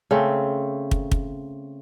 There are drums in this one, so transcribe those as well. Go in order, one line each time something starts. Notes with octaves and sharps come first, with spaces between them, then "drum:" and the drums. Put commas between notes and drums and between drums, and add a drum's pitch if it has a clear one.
C#3 A3 C4
drum: kick
drum: kick